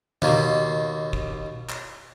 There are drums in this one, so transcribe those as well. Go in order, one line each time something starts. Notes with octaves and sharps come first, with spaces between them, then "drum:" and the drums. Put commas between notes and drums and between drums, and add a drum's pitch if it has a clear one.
D#2 B2 A#3, drum: tom C#3
drum: kick
drum: clap